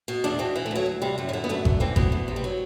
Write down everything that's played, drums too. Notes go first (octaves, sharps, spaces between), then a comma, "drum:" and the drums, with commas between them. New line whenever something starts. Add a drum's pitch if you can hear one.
B2
E2 D4
B2 C4
E3
A3
D2 F#3
D2
C3 G3
F#2 G3
F#3
D3
B3
F#2 A3
D3, drum: kick G#1
E3 C4
D2 B3, drum: kick G#1
D2
C3
G3
F#3